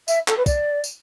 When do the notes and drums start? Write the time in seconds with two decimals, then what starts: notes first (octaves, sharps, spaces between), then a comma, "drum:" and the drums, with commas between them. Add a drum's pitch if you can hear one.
0.08 E5, drum: tambourine
0.28 A4, drum: clap
0.37 B4
0.46 D5, drum: kick, tambourine
0.84 drum: tambourine